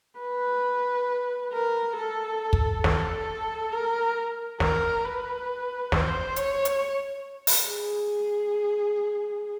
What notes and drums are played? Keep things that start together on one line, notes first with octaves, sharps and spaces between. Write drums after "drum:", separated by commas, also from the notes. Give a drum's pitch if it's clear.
B4
A#4
A4
drum: kick
A4, drum: snare
A#4
A#4, drum: snare
B4
C5, drum: snare
C#5, drum: hi-hat
drum: hi-hat
drum: open hi-hat
G#4